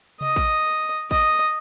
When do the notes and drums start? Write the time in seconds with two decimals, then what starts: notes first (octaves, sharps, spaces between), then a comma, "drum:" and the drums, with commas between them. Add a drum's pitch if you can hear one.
0.21 D#5, drum: tom C3
0.36 drum: kick
1.11 D#5, drum: kick